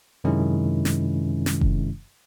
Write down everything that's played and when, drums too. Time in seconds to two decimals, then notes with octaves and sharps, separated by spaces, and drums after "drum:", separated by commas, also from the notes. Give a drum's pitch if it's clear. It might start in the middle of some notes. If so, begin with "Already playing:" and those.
0.24 F#2 C3 D#3 G#3 C#4 E4
0.85 drum: snare
1.46 drum: snare
1.61 drum: kick F1